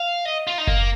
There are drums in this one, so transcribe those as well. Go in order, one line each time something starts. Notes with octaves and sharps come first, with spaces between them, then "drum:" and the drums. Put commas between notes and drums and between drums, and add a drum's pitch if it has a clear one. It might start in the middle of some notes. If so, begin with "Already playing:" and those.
Already playing: F5
D#5
F4
D#4
A#3, drum: kick F#1